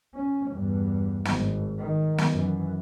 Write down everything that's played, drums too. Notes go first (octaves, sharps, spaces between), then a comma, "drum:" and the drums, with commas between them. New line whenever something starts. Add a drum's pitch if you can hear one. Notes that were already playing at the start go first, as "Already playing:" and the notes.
C#4
E2 G2
G#1, drum: snare
D#3
drum: snare
F#2 E3